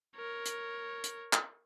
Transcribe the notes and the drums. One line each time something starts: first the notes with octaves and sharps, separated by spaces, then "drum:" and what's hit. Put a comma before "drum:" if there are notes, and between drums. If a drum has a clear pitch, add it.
A#4 C#5
drum: hi-hat
drum: hi-hat
drum: clap